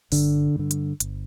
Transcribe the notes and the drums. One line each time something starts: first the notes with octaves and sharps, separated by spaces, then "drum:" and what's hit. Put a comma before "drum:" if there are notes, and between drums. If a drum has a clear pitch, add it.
G1 D3, drum: open hi-hat
G2 D3
drum: hi-hat
G1, drum: hi-hat